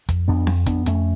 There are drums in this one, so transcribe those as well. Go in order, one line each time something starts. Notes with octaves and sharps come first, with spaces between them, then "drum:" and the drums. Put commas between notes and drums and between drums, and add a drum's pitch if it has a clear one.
F2, drum: kick, hi-hat
F2 B3 D4
F2, drum: snare C4
F2 B3 D4, drum: kick, hi-hat
F2 A3 C#4, drum: hi-hat